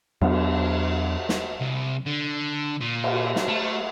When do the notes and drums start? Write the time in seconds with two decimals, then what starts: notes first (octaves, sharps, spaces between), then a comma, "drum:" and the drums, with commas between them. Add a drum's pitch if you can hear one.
0.21 E2 F#3 B3 D4, drum: cymbal
1.29 drum: snare
1.61 C2
2.07 D3
2.81 A#2
3.04 drum: cymbal
3.36 drum: snare
3.48 A3